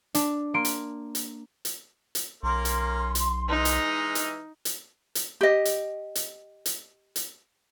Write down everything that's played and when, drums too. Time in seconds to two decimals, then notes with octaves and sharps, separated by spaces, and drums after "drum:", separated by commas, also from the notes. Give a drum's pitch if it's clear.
0.15 D4, drum: hi-hat
0.54 A#3 C6 D7
0.65 drum: hi-hat
1.15 drum: hi-hat
1.65 drum: hi-hat
2.15 drum: hi-hat
2.43 B1 A#3 C#4 A#4 C6
2.65 drum: hi-hat
3.15 drum: hi-hat
3.49 E3 G#3 D#4 F6
3.65 drum: hi-hat
4.15 drum: hi-hat
4.65 drum: hi-hat
5.15 drum: hi-hat
5.41 G4 D#5
5.65 drum: hi-hat
6.15 drum: hi-hat
6.66 drum: hi-hat
7.16 drum: hi-hat